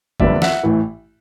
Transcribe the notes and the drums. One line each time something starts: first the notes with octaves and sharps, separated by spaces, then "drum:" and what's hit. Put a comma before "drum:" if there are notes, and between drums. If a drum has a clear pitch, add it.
F#1 F2 D3 G3 B3 D5 E5, drum: kick G1
E5 F#5, drum: snare
A1 A2 E3